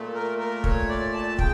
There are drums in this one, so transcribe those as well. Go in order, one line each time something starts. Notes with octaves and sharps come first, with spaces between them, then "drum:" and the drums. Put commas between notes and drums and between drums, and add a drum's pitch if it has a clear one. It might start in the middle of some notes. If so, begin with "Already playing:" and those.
Already playing: A#2 A3
A#4
A#4
C#5, drum: kick
D5
A5
C#3 G5, drum: kick